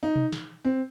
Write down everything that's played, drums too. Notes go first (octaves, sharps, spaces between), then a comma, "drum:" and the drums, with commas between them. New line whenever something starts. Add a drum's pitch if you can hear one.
D#4
drum: tom B2
drum: snare
C4